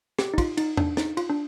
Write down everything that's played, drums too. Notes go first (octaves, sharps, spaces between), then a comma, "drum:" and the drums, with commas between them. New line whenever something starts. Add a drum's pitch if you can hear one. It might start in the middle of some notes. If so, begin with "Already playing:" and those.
G4, drum: snare
D#4
F4, drum: kick, cymbal
D#4, drum: cymbal
D4, drum: tom E2
D#4, drum: snare
F4, drum: cymbal
D4